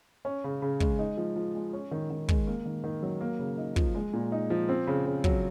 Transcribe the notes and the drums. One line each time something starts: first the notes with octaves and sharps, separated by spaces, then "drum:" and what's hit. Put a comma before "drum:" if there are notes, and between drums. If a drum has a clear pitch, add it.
C#4
C#3
C#3
G#3, drum: kick
D#4
F3
F3
G#3
C#4
D#3
D#3
G#3, drum: kick
A#3
D#3
D#3
F#3
A#3
C#3
D#4
F3, drum: kick
G#3
A#2
D#4
F3
C4
C#3
C#3
F#3, drum: kick